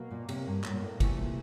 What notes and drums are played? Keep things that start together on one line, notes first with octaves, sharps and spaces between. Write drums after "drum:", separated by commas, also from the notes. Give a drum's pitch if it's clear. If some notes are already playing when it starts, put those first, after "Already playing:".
Already playing: B2 F#3 A#3
A#2
C3, drum: cymbal
G2
A2, drum: clap
A#2
A2
A2 C3 E3 A3, drum: kick, cymbal
B2
A#2